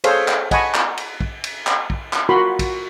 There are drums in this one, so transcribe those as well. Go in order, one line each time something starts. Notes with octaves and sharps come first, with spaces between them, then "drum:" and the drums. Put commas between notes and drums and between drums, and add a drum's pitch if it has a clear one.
G#4 A4 C5 C#5 F5, drum: cymbal
drum: clap
D#5 F#5 G#5 A5 B5 C#6, drum: kick, cymbal
drum: clap
drum: cymbal
drum: kick
drum: cymbal
drum: clap
drum: kick
drum: clap
F4 F#4 A#4 B5 C6
drum: kick, cymbal